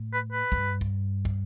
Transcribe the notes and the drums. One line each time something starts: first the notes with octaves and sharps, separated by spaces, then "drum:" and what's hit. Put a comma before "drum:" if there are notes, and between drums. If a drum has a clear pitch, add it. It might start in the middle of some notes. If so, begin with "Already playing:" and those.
Already playing: A2
B4
B4
G2, drum: kick
drum: kick
drum: kick